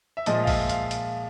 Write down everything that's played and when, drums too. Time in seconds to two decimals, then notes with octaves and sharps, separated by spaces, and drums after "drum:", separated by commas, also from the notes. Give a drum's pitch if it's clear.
0.17 E5
0.26 A#2 F3 G#3 D#5, drum: hi-hat
0.43 F5
0.47 E5, drum: kick, open hi-hat
0.69 F5, drum: hi-hat
0.91 drum: hi-hat